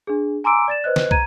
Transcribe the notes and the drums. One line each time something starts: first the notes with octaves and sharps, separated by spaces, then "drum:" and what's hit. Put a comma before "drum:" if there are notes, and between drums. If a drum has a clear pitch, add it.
D4 G#4
G#5 A#5 C6 D6 E6 D7
D5 A6 E7
B4 C5 D#5 F#6
drum: snare
A#5 G#6 D#7, drum: kick